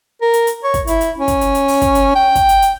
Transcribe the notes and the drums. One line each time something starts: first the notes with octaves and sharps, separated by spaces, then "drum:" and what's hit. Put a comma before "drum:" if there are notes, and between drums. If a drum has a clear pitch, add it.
A#4
drum: hi-hat
drum: hi-hat
C#5
drum: kick, hi-hat
E4, drum: hi-hat
drum: hi-hat
C#4
drum: kick, hi-hat
drum: hi-hat
drum: hi-hat
drum: open hi-hat
drum: kick, hi-hat
drum: hi-hat
G5
drum: kick, hi-hat
drum: hi-hat
drum: hi-hat